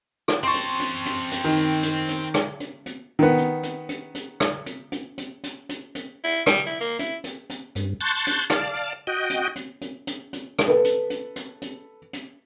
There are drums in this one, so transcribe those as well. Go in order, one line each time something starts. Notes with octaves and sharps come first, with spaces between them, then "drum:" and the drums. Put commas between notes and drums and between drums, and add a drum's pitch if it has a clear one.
drum: rim click
C4 A5 C6 C#6
drum: hi-hat
drum: hi-hat
drum: hi-hat
drum: hi-hat
D#3
drum: hi-hat
drum: hi-hat
drum: hi-hat
drum: rim click
drum: hi-hat
drum: hi-hat
D#3 B3
drum: hi-hat
drum: hi-hat
drum: hi-hat
drum: hi-hat
drum: rim click
drum: hi-hat
drum: hi-hat
drum: hi-hat
drum: hi-hat
drum: hi-hat
drum: hi-hat
E4
G3, drum: rim click
E4
A#3
E4, drum: hi-hat
drum: hi-hat
drum: hi-hat
G2, drum: hi-hat
A5 C6 C#6 F#6 G6 A6
drum: hi-hat
D5 F5 A5, drum: rim click
F#4 D#5 G5
drum: hi-hat
drum: hi-hat
drum: hi-hat
drum: hi-hat
drum: hi-hat
drum: rim click
A4 B4
drum: hi-hat
drum: hi-hat
drum: hi-hat
drum: hi-hat
drum: hi-hat